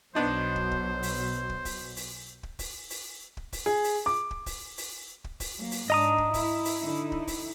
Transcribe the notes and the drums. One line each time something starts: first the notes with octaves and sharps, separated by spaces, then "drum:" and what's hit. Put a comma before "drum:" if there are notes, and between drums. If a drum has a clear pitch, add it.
B1 B2 F#3 B3 D4 D#4 C5
drum: kick
drum: kick
drum: open hi-hat
drum: kick
drum: kick, open hi-hat
drum: open hi-hat
drum: kick
drum: kick, open hi-hat
drum: open hi-hat
drum: kick
drum: kick, open hi-hat
G#4
drum: open hi-hat
D6
drum: kick
drum: kick, open hi-hat
drum: open hi-hat
drum: kick
drum: kick, open hi-hat
F#3 A#3
drum: open hi-hat
G#2 D4 D#5 A#5 D#6
drum: kick
E4, drum: kick, open hi-hat
drum: open hi-hat
D3 D#4 E4
drum: kick
drum: kick, open hi-hat